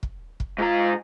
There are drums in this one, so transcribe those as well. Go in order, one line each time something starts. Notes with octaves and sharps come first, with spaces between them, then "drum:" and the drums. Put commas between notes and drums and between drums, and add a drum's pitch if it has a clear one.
drum: kick
drum: kick
G#2 F4 A#5